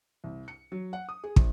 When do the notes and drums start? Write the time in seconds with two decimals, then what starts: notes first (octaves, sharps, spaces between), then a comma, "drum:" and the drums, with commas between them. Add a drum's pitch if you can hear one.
0.24 C2
0.48 C#7
0.72 F#3
0.93 F#5
1.09 D#6
1.24 G#4
1.36 A#1, drum: kick